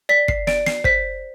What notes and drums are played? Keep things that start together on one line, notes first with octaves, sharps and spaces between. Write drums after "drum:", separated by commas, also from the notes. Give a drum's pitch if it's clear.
D5 B6
C7, drum: kick
D5 D7, drum: snare
C7, drum: snare
C5 B6, drum: kick